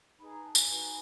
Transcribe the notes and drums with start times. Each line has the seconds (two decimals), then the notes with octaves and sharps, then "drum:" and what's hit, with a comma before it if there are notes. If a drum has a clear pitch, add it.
0.19 D#4 G#4 B4 B5
0.31 A#5
0.43 A5
0.55 G#5, drum: tambourine
0.67 D#4 F#4 B4